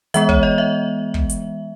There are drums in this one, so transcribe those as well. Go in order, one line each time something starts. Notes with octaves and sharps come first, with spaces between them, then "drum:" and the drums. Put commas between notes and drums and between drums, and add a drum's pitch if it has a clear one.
E3 G#3 B3 E5, drum: hi-hat
C#5, drum: kick
D#5
E5
drum: kick
drum: hi-hat